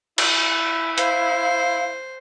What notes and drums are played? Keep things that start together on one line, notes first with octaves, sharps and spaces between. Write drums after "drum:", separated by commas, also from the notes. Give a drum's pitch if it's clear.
E4, drum: cymbal
C5 F5, drum: hi-hat